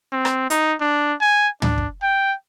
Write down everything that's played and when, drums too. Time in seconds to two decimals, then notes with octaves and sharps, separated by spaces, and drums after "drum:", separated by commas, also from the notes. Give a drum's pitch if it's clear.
0.12 C4
0.25 drum: rim click
0.50 D#4, drum: hi-hat
0.81 D4
1.21 G#5
1.62 D4, drum: tom
1.78 drum: kick
2.02 G5